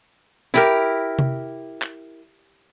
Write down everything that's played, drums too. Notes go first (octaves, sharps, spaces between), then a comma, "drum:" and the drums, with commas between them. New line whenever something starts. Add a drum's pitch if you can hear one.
E4 G4 A#4, drum: snare
drum: tom C3
drum: clap